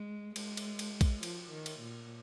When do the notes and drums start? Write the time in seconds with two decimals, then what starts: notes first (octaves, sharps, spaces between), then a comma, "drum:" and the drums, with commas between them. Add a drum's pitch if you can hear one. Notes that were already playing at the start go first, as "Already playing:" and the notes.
Already playing: G#3
0.36 G#3, drum: cymbal
0.57 drum: cymbal
0.79 drum: cymbal
1.01 drum: kick A#1, cymbal
1.23 F3, drum: cymbal
1.51 D#3
1.66 drum: cymbal
1.80 A#2